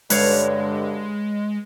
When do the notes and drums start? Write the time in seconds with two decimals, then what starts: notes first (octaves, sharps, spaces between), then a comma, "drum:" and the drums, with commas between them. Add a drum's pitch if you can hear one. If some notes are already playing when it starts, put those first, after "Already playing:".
0.10 G2 D3 G#3 B4 C#5 F5, drum: open hi-hat